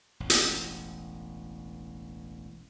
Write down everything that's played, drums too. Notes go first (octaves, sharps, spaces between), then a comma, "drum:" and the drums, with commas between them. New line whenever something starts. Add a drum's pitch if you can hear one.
E1 A1
drum: hi-hat